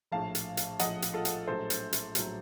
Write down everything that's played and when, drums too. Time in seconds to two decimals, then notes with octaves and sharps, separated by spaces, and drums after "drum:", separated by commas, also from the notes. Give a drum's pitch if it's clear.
0.12 A#1 A2 F3 F5 A5
0.35 drum: hi-hat
0.57 drum: hi-hat
0.79 A#1 A2 F3 D#5 F#5, drum: hi-hat
1.02 drum: hi-hat
1.14 F4 A4
1.25 drum: hi-hat
1.47 A#1 A2 F#3 A4 C5
1.70 drum: hi-hat
1.93 drum: hi-hat
2.15 A#1 A2 F#3, drum: hi-hat